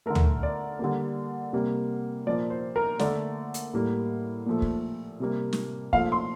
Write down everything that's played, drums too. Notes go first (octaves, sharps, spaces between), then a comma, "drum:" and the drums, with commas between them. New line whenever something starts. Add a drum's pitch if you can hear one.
D3 A3 A#4
drum: tom D2
D5
D3 G3 A#3
C3 G3 A#3
A#2 F3 A#3 D5
C5
A#4
D3 A3 D5, drum: snare
drum: hi-hat
A2 G3 A#3
A#2 F3 A3
drum: kick
C3 G3 A#3
drum: snare
A#2 F3 A3 F5, drum: kick
C6